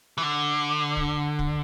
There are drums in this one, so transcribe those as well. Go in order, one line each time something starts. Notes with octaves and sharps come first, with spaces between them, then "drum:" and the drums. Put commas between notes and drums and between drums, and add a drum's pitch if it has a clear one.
E3
D3
drum: kick
drum: kick